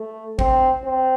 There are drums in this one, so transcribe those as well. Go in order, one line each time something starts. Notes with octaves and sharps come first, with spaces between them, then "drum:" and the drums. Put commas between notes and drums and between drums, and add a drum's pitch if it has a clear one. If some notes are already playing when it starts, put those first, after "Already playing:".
Already playing: A3
C4, drum: kick G#1
C4